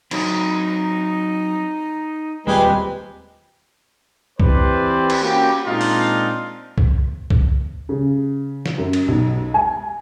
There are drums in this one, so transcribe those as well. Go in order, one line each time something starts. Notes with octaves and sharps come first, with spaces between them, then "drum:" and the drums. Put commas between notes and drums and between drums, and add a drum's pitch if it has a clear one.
F#3 C4 D#4, drum: cymbal
D#1 G#3 C4 G4 B4
E3 C4 G4 B4 C5 D5, drum: kick
drum: cymbal
A#3 C#4 F#4 G4
A#2 G#3 C4 D4 D#4 F4
drum: open hi-hat
drum: kick
drum: kick
C#3
drum: snare
F#2
drum: cymbal
B1
G#5